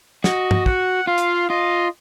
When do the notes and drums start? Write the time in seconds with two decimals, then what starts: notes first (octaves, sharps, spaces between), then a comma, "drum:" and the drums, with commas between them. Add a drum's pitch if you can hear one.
0.24 F#4 D#5, drum: snare
0.51 drum: tom G2
0.66 F#5, drum: kick
1.07 F4 F5
1.18 drum: hi-hat
1.50 F4 D#5